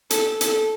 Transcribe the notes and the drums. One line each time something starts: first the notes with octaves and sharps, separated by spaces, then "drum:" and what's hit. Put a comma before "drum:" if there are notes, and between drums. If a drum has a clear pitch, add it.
A4, drum: hi-hat
A4, drum: hi-hat